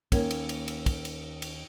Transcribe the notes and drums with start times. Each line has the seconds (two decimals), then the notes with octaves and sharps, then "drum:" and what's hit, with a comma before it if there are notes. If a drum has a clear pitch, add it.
0.12 D#2 A#3 C#4, drum: kick, cymbal
0.31 drum: cymbal
0.49 drum: cymbal
0.68 drum: cymbal
0.86 drum: kick, cymbal
1.05 drum: cymbal
1.42 drum: cymbal